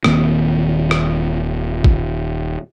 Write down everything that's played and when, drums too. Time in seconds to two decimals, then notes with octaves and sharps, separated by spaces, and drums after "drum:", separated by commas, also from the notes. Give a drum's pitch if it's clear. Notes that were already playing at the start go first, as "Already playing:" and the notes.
0.04 D#1 D#3 A#3 C4, drum: rim click
0.91 drum: rim click
1.84 drum: kick